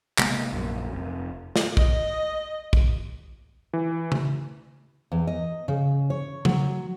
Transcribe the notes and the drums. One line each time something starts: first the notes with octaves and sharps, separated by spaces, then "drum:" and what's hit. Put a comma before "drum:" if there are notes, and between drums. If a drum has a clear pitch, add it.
C3 G#3 A#3 B3, drum: clap
A#1 F#2
F1
drum: snare
D#5, drum: kick
drum: kick
E3
drum: tom C#3
E2
D#5
C#3
C#5
F#3, drum: tom C#3